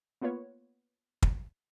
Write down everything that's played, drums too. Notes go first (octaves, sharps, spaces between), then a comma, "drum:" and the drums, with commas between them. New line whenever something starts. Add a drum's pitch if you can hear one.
A#3 B3 F4 B4 C#5
drum: kick